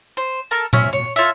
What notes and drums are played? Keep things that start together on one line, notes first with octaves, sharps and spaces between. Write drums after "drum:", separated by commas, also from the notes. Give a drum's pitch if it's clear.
C5
A4 A#4 A5
C4 C#4 E5, drum: tom A#2
C#5
F4 A4 C#5 E5